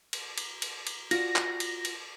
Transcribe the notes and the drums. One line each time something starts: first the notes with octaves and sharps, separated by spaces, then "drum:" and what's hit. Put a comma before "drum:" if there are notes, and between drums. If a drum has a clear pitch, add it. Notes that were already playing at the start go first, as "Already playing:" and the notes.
drum: cymbal
drum: cymbal
drum: cymbal
drum: cymbal
F4 F#4 D5 A#6, drum: cymbal
drum: clap
drum: cymbal
drum: cymbal